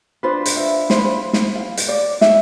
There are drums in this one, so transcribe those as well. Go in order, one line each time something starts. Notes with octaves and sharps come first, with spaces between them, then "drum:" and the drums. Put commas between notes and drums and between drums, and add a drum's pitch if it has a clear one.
D4 F4 B4 C5
drum: hi-hat
E5
C5, drum: snare
B4
C5
drum: snare
F5
drum: hi-hat
D5
E5, drum: snare